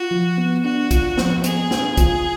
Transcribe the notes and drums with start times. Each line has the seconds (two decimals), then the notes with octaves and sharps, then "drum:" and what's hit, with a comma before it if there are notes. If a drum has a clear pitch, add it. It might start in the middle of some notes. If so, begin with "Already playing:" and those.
Already playing: F4 F#4
0.11 F3
0.38 B3
0.65 D4 F#4
0.91 F4, drum: kick, hi-hat
1.18 F3, drum: snare
1.44 B3 G#4, drum: hi-hat
1.71 D4, drum: snare
1.97 F4, drum: kick, hi-hat